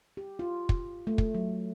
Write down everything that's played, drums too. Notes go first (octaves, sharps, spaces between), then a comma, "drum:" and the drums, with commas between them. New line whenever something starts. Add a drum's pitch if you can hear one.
G4
F4
drum: kick
A3
drum: kick
F#3